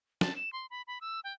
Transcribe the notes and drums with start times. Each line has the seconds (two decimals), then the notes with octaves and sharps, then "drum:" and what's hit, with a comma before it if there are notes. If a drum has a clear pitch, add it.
0.21 A5, drum: snare
0.36 E7
0.53 C6
0.70 B5
0.87 B5
1.01 E6
1.24 G5